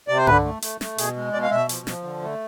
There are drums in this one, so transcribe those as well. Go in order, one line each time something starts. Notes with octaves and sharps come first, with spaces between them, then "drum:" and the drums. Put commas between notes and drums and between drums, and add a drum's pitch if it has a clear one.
C3 D5
C5
D3 B4, drum: tom G2
A3
A3, drum: hi-hat
A3, drum: snare
B2 G#4, drum: hi-hat
G#3
B2 D5
F5
B2 E5
F3, drum: hi-hat
F3, drum: snare
D3
A3